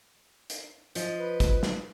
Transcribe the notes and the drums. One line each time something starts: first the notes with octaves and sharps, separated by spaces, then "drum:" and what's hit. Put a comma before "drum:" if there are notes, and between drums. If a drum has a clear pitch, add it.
drum: hi-hat
F3 D#5, drum: hi-hat
B4
drum: kick, hi-hat
drum: snare